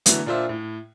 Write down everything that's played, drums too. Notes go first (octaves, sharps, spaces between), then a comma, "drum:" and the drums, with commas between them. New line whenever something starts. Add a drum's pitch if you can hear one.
D3 E3 F#3 A3 B3, drum: hi-hat
A#2 D4 F4 C5 E5
A2